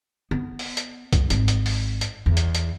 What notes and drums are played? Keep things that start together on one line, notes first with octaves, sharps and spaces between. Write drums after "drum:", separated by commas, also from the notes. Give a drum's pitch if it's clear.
B3
drum: open hi-hat
drum: hi-hat
drum: kick, hi-hat
G#1, drum: hi-hat
drum: hi-hat
drum: open hi-hat
drum: hi-hat
E2
drum: hi-hat
drum: hi-hat